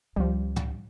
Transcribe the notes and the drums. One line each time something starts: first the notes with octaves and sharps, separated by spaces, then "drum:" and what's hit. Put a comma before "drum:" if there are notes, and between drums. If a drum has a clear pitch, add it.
C#2 F3 G3
drum: tom